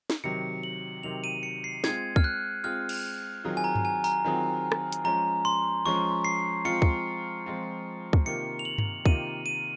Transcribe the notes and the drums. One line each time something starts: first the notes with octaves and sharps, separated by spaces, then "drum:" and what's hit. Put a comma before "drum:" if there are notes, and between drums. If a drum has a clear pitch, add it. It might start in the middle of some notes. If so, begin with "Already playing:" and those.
drum: snare
C3 D#3 F#3 C#7
F#7
C3 D#3 F#3 F7
D#7
C#7
C7
G#3 C4 F4 G#4 G#6, drum: snare
F6, drum: kick
F#6
G#3 C4 F4 G#4 F6
drum: cymbal
D#3 F#3 C4 F4 G#4
G#5
A#5
drum: tom G2
G#5
A#5, drum: tambourine
D#3 F#3 C4 F4 G#4
drum: rim click
drum: hi-hat
F3 G#3 C#4 A#5
C6
F3 G#3 C#4 C#6
C7
F3 G#3 C4 F4 C#7
drum: kick
F3 G#3 C4 F4
drum: kick
C3 D#3 A#3 F4 C#7
F7
F#7
drum: tom G2
C3 D#3 A#3 F4 D#7, drum: kick
D#7